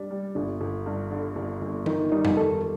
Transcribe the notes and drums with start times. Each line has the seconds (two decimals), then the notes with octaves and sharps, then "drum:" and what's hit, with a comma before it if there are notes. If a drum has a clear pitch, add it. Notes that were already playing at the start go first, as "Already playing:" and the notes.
Already playing: G3 D4
0.11 G3
0.35 G1 D4
0.61 G1
0.86 G2
1.11 D3
1.36 G1
1.62 G1
1.86 D#3 D#4, drum: tom D#3
2.11 G3 D#4
2.25 drum: tom F2
2.37 D#3 A4